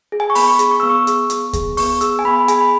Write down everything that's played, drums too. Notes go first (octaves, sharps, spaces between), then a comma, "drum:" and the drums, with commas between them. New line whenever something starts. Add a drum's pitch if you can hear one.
G#4
G#5
C#6
B3 B5, drum: open hi-hat
C#6
G#4 C#6, drum: hi-hat
C#6
B3 E6
C#6
G#4, drum: hi-hat
B3, drum: hi-hat
G#4, drum: kick D2, hi-hat
B3 C#6, drum: open hi-hat
G#4 E6, drum: hi-hat
G#5
B3 B5
B5
G#4 G#5, drum: hi-hat
B5